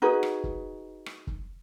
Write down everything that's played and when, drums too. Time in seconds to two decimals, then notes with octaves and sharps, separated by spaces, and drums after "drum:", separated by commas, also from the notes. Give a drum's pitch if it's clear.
0.02 D#4 F#4 G#4 B4
0.23 drum: rim click
0.44 drum: kick
1.06 drum: rim click
1.27 drum: kick